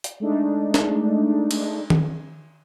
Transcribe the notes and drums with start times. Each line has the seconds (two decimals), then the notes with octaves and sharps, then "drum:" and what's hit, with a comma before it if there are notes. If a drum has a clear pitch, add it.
0.04 drum: hi-hat
0.20 G#3 A3 D4 D#4
0.74 drum: snare
1.51 drum: cymbal
1.90 drum: tom D#3